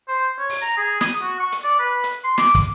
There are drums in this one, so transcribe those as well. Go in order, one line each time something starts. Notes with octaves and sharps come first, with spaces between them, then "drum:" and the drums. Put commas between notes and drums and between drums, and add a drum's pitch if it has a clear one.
C5
C#5
drum: open hi-hat
A#5
G#4
D#6, drum: snare
F#4
C#6
drum: hi-hat
D5
B4
drum: hi-hat
C6
D6, drum: snare
drum: kick, hi-hat